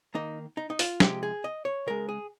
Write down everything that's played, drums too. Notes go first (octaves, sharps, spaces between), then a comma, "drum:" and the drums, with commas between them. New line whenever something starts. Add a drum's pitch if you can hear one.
D#3 A#3 D#4
D#4
D#4
F4, drum: open hi-hat
C3 F3 G#3 G4, drum: snare
G#4
D#5
C#5
C#3 G#3 A#4
G#4